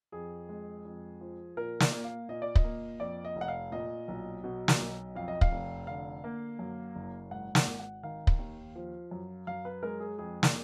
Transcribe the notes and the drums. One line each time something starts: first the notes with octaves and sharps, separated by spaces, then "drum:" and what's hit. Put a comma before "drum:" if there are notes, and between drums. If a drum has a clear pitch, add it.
F2 G#4
G#3
F2
F3
A#2 A#4
D5, drum: snare
A#3
F5
A#2 D#5
D5
D#5, drum: kick
A#3
F2 D5
D#5
F1
F#5
F5
A#2 D#5
B1
B2
drum: snare
B1
F2 F5
D#5
F5, drum: kick
F1
D3 F5
A#3
F#2
F#1
G#2 F#5
F#5, drum: snare
G#1
F#5
D#3 F5
drum: kick
D#2
F3
F#2
F#2 F5
B4
G#3 A#4
G#4
F2 G#4
drum: snare